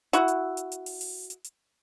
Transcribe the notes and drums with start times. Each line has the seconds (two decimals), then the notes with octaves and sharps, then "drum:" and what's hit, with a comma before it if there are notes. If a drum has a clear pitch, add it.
0.13 E4 F#4, drum: hi-hat
0.28 drum: hi-hat
0.57 drum: hi-hat
0.72 drum: hi-hat
0.86 drum: open hi-hat
1.01 drum: open hi-hat
1.30 drum: hi-hat
1.44 drum: hi-hat